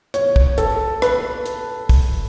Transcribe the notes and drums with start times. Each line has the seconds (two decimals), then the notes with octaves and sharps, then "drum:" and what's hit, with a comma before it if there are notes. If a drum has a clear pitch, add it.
0.14 C#5, drum: hi-hat
0.36 drum: kick
0.58 A4, drum: hi-hat
1.02 B4, drum: rim click
1.46 drum: hi-hat
1.89 drum: kick, open hi-hat